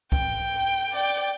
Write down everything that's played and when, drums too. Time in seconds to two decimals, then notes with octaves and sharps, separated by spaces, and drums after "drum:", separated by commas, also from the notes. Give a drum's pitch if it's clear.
0.12 G5, drum: kick C2
0.92 D5 G5